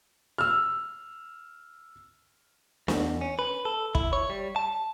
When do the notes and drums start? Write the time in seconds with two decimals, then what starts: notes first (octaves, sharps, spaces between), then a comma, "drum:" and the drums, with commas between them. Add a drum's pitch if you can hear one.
0.38 E6 F6
2.88 E2, drum: snare
3.21 C#4
3.39 B4
3.65 A4
3.95 E4, drum: kick
4.13 C#5
4.30 G3
4.56 A5